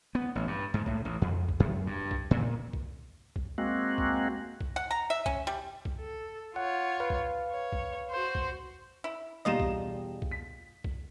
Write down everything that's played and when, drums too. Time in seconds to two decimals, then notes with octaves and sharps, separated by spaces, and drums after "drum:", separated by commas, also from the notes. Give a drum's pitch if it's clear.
0.15 B3
0.35 A1
0.47 G2
0.74 G#2
0.86 A2, drum: kick
1.05 A1
1.22 F2
1.49 drum: kick
1.60 F#2
1.87 G2
2.11 drum: kick
2.31 A#2
2.73 drum: kick
3.36 drum: kick
3.58 G#3 A#3 C4 F#4
3.98 drum: kick
4.61 drum: kick
4.76 F#5
4.91 A#5
5.10 E5
5.26 C#4, drum: kick
5.47 G3
5.85 drum: kick
5.99 A4
6.56 F4 C#5 F#5
7.00 B4 F5
7.10 drum: kick
7.51 C#5
7.72 drum: kick
8.11 F#4 C5
8.35 drum: kick
9.04 E4
9.45 E1 G3 D#4 F4 D#5 E7
9.60 drum: kick
10.22 drum: kick
10.31 B6
10.84 drum: kick